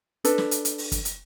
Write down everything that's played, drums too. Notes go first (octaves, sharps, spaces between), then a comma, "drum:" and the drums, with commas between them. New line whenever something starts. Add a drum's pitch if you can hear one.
D4 A4 B4, drum: hi-hat
drum: snare
drum: hi-hat
drum: hi-hat
drum: open hi-hat
drum: kick, hi-hat
drum: hi-hat